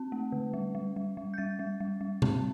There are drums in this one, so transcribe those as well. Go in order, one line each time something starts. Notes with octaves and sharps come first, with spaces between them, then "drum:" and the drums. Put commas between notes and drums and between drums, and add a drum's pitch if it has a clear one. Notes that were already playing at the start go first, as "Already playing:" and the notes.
Already playing: C4
A3
D3
G3
G3
G3
G3
G6
G3 A6
G3
G3
G3
C4, drum: tom B2